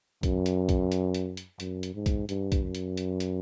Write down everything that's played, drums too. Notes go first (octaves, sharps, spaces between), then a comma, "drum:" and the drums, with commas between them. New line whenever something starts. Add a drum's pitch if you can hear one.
F#2, drum: kick, hi-hat
drum: hi-hat
drum: kick, hi-hat
drum: hi-hat
drum: hi-hat
drum: hi-hat
F#2, drum: hi-hat
drum: hi-hat
G#2
drum: kick, hi-hat
G2, drum: hi-hat
drum: kick, hi-hat
F#2
drum: hi-hat
drum: hi-hat
drum: hi-hat